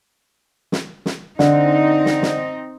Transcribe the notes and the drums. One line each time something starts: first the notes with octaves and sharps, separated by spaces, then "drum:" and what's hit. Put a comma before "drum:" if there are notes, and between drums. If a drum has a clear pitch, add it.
drum: snare
drum: snare
D3 C4 D#4, drum: snare
drum: snare
drum: snare